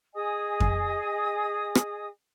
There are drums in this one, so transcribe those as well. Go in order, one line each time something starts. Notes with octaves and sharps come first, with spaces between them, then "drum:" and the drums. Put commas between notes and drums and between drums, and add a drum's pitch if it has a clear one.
G#4 D#5 G#5 D#6
drum: kick F2
drum: rim click